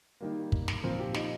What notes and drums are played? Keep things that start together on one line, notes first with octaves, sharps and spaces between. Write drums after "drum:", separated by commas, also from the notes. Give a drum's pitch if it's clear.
D#3 G3 A#3
drum: kick
drum: snare
A#2 F3 C4 A#4
G4
D#4, drum: snare